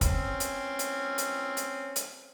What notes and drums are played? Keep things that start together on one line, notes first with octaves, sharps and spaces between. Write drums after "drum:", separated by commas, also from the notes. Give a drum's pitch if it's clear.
C4 C#4, drum: kick, hi-hat
drum: hi-hat
drum: hi-hat
drum: hi-hat
drum: hi-hat
drum: hi-hat